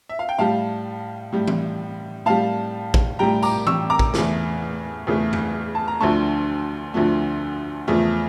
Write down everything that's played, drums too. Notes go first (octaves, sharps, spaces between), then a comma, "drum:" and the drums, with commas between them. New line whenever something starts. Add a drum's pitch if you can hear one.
E5
F5
G5
A2 G3 F5 A5
A2 G3
drum: tom E3
A2 G3 F5 A5
drum: kick
A2 G3 G5 A#5
A#5 D6, drum: tambourine
C#6 E6, drum: tom E3
A#5 D6
drum: kick
E2 C#3 E3 A3, drum: snare
E2 C#3 E3 A3
drum: tom F#2
A5
A#5
D2 D3 F3 A3 A5 C#6
D2 D3 F3 A3
E2 C#3 F3 A3